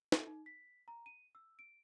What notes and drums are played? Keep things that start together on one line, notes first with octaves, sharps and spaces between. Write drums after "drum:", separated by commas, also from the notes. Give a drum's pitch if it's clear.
A4, drum: snare
D#4
B6
A#5
D#7
E6
D7